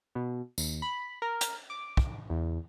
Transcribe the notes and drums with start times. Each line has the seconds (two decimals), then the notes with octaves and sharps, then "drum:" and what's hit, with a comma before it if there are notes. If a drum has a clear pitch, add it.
0.15 B2
0.58 D#2, drum: tambourine
0.82 B5
1.22 A#4
1.41 drum: hi-hat
1.70 D6
1.97 drum: kick
2.30 E2